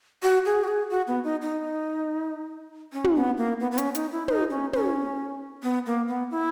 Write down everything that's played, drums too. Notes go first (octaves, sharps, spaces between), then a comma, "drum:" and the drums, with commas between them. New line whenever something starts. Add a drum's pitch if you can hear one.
F#4
G#4
F#4
G#4
F#4
B3
D#4
D#4
C#4
drum: tom
B3
A#3
B3
B3
C#4, drum: hi-hat
D#4, drum: hi-hat
E4
D#4, drum: tom
C#4
C#4, drum: tom
B3
A#3
B3
E4